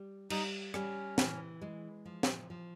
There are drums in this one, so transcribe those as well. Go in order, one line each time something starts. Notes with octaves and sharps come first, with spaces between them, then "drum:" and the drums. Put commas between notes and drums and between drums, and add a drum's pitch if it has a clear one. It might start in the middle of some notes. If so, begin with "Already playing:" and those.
Already playing: G3
G3 D#4, drum: cymbal
G3 C#4, drum: rim click
E3, drum: snare
G#3
F3
drum: snare
F3